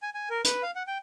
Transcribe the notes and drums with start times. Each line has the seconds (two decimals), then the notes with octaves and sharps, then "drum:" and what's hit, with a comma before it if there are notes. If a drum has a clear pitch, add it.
0.02 G#5
0.14 G#5
0.30 A#4
0.44 B4, drum: hi-hat
0.63 F5
0.76 F#5
0.87 G5